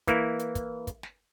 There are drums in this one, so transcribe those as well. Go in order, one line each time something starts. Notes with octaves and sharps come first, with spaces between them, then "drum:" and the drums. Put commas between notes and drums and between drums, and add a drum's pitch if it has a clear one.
E3 A#3 E4, drum: kick, hi-hat
drum: hi-hat
drum: kick, hi-hat
drum: kick, hi-hat
drum: snare